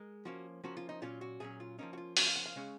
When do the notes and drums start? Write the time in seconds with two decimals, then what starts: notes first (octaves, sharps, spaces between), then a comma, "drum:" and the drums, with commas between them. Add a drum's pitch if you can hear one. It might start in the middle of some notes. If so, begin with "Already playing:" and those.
Already playing: G#3 A#4
0.25 F3 A#3 C#4 F#4
0.64 F3 A#3 C#4 F#4
0.77 F4
0.89 D#4
1.02 A#2 F#3 C#4 F4
1.21 F#4
1.40 A#2 F#3 C#4 G#4
1.60 F4
1.79 F3 A#3 C#4 D#4
1.93 F#4
1.98 F4
2.17 F3 A#3 C#4 F#4, drum: open hi-hat
2.27 F5
2.36 F#5
2.46 F5
2.56 C#3 G#3 C#4